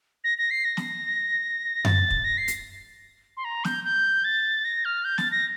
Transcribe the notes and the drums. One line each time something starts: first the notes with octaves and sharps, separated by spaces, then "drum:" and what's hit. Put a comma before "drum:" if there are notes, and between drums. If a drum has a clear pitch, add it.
A#6
A#6
C7
A#6
drum: snare
A6, drum: tom F#2
drum: kick
A#6
C7
drum: hi-hat
C6
A#5
G6, drum: snare
G6
A6
A#6
F6
G6
A6, drum: snare
A#6